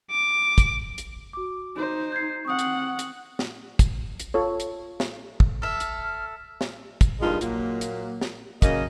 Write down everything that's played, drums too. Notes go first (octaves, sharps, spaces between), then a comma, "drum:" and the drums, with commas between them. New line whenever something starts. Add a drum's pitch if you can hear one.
D6
drum: kick, hi-hat
drum: hi-hat
F#4 D6
D#4 C5
G6 G#6 C7
C4 F#5 C#6 D#6
drum: hi-hat
drum: hi-hat
drum: snare
drum: kick, hi-hat
drum: hi-hat
F4 A4 C#5
drum: hi-hat
drum: snare
drum: kick
A4 E5 F6
drum: hi-hat
drum: snare
drum: kick, hi-hat
G2 A#2 G#3 D#4 F4
A#2 F#3 A#3, drum: hi-hat
drum: hi-hat
drum: snare
F#2 C#3 A#3 D#5, drum: kick, hi-hat